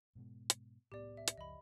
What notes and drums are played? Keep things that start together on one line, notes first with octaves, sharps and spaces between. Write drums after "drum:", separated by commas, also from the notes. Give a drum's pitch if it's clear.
G#2 B2 G#3
drum: hi-hat
C2 A2 B3 G4 D5
E5
drum: hi-hat
F#1 C#2 F3 D#5 B5